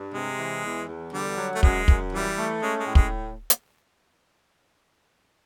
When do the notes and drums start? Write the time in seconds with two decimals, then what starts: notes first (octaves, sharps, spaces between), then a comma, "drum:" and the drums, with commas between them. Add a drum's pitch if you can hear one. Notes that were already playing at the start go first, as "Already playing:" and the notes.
Already playing: G2
0.13 C3 G#3
0.38 E3
0.64 E2
0.88 E2
1.13 D3 G3
1.38 F#3
1.55 A3
1.63 F#2 G#3, drum: kick
1.88 F#2, drum: kick
2.12 E3 G3
2.38 A3
2.62 G#3 C#4
2.79 G#3
2.87 A2
2.95 G#3, drum: kick
3.50 drum: hi-hat